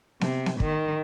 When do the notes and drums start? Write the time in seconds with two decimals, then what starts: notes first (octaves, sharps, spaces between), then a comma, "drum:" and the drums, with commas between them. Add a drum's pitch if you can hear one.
0.21 C3, drum: snare B3
0.46 drum: snare B3
0.60 D#3, drum: kick